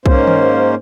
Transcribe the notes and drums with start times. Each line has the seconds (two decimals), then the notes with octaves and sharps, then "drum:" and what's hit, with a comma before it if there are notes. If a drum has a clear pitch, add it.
0.06 G#2 A#3 C#4 C5, drum: kick B1
0.28 drum: tom D#3